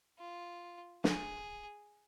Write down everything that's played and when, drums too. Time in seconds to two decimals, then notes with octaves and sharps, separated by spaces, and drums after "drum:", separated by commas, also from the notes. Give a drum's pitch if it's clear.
0.18 F4
1.04 G#4, drum: snare